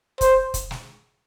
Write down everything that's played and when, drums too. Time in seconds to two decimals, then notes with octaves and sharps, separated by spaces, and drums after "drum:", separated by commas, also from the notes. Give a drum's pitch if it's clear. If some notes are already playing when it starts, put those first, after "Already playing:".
0.21 C5, drum: kick, hi-hat
0.54 drum: kick, hi-hat
0.71 drum: snare